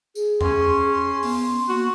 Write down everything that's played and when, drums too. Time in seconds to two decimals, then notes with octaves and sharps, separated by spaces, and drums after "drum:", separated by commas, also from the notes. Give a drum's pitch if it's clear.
0.15 G#4, drum: tambourine
0.41 C#4 C6, drum: tom E2
1.23 B3, drum: open hi-hat
1.69 A#3 F#4